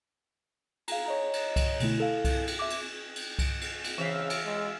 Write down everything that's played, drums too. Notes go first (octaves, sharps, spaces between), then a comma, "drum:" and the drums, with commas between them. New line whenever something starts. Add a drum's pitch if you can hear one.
F5 A#5, drum: cymbal
C#5 D#5 A#5
drum: cymbal
drum: kick C2, cymbal
B2 D3 A3 E4, drum: cymbal
E4 A4 F5
drum: kick C2, cymbal
drum: cymbal
E5 D6
drum: cymbal
drum: cymbal
drum: kick C2, cymbal
drum: cymbal
drum: cymbal
C#3 E3 E5 F5
drum: cymbal
G#3